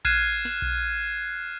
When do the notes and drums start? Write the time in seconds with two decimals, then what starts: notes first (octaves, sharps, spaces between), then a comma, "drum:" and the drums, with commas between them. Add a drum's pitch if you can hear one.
0.05 F6 F#6 G#6 C7 D#7 E7, drum: kick B1
0.45 drum: snare
0.62 drum: kick B1